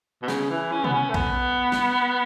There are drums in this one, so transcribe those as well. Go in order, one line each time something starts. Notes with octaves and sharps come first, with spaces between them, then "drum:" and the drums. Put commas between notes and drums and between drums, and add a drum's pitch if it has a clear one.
B2
C#3, drum: snare
E3
C#4
B3, drum: tom B2
C#4
A3
B3, drum: kick
drum: snare